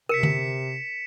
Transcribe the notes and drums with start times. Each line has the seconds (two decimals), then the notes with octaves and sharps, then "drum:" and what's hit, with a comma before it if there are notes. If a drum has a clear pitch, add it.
0.09 C3 A#4 B6 C#7 E7
0.23 drum: tom D3